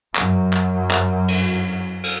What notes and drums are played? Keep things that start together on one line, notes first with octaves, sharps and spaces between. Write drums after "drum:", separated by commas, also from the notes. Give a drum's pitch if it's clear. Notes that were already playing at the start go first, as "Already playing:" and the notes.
F#2 F#3, drum: clap
drum: clap
drum: clap
drum: cymbal
drum: cymbal